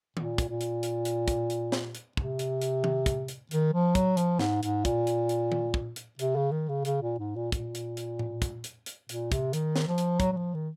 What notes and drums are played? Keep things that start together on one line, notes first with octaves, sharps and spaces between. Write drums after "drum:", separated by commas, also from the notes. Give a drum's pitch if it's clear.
A#2, drum: tom D#3
drum: kick, hi-hat
A#2
drum: hi-hat
drum: hi-hat
drum: hi-hat
drum: kick, hi-hat
drum: hi-hat
drum: snare
drum: hi-hat
C3, drum: kick
drum: hi-hat
drum: hi-hat
drum: tom D#3
drum: kick, hi-hat
drum: hi-hat
D#3, drum: hi-hat
F3
F#3, drum: kick, hi-hat
F3, drum: hi-hat
G#2, drum: snare
G#2, drum: hi-hat
A#2, drum: kick, hi-hat
drum: hi-hat
drum: hi-hat
drum: tom
drum: kick
drum: hi-hat
C3, drum: hi-hat
C#3
D#3
C#3
C#3, drum: hi-hat
A#2
G#2
A#2
A#2, drum: kick, hi-hat
drum: hi-hat
drum: hi-hat
drum: tom A2
drum: kick, hi-hat
drum: hi-hat
drum: hi-hat
A#2, drum: hi-hat
C3, drum: kick, hi-hat
D#3, drum: hi-hat
drum: snare
F3
drum: hi-hat
F#3, drum: kick, hi-hat
F#3
F3
D#3